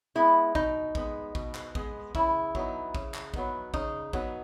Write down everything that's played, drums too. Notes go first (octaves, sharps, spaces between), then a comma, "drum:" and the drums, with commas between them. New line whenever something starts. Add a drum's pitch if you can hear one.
G#3 B3 E4
B2 D#4, drum: kick A1
G#3 B3, drum: kick A1
B2, drum: kick A1
drum: clap
G#3 B3, drum: kick A1
C#3 E4, drum: kick A1
F#3 B3 D#4, drum: kick A1
C#3, drum: kick A1
drum: clap
F#3 B3 D#4, drum: kick A1
C#3 D#4, drum: kick A1
F#3 B3 D#4, drum: kick A1